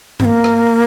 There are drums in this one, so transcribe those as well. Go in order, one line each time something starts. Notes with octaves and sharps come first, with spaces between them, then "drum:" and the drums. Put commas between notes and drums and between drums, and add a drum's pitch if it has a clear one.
C4, drum: tom G2
A#3
drum: rim click